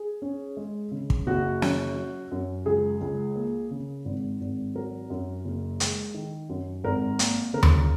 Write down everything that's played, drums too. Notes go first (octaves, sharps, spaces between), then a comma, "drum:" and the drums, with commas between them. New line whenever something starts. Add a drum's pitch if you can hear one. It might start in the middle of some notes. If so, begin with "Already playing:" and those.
Already playing: G#4
C#4
G#3
C#3
drum: kick
F#1 F#4
C#4, drum: snare
F#3
F#2
C#2 G#4
C#2
A#3
C#3
G#1
G#1
F#3 A#4
F#2
F#1
G#3, drum: hi-hat
D#3
F#2
G#1 A#4
A#3, drum: hi-hat
C#3 A#4
drum: tom D#2